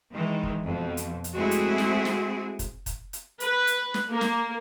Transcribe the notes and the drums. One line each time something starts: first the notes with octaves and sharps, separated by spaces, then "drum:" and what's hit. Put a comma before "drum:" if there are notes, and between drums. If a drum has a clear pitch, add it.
D#3 E3 G#3
drum: kick
F2 B2
drum: hi-hat
drum: hi-hat
G#3 A3 C4 E4 F#4 G#4
drum: hi-hat
drum: snare
drum: snare
drum: kick, hi-hat
drum: kick, hi-hat
drum: hi-hat
B4, drum: hi-hat
drum: hi-hat
drum: snare
A#3
drum: snare